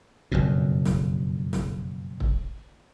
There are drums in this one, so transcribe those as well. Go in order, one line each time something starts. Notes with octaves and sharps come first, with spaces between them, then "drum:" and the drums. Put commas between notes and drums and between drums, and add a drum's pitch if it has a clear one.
F#1 F2 B2
drum: snare
drum: snare
drum: kick